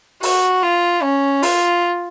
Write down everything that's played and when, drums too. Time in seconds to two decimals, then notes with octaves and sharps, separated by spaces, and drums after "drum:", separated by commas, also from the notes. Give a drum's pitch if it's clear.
0.23 F#4, drum: open hi-hat
0.63 F4
1.02 C#4
1.43 F4, drum: open hi-hat